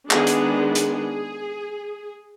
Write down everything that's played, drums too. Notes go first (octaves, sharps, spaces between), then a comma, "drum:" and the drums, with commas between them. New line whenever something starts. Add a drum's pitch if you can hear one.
D#3 G#3 B3 D4 G#4, drum: clap
drum: hi-hat
G#4, drum: hi-hat